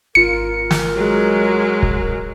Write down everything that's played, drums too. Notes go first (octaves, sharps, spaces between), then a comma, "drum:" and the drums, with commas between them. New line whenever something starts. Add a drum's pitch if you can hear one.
G#1 F4 A#4 C#7
drum: snare
F#3 G#3
drum: kick